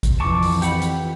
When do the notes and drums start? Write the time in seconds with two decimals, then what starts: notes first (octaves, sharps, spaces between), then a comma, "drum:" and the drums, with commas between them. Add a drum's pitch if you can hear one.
0.03 drum: kick G#1, hi-hat
0.20 F2 E3 A5 C#6 D6
0.42 drum: open hi-hat
0.62 G4 F#5 B5, drum: hi-hat
0.82 drum: hi-hat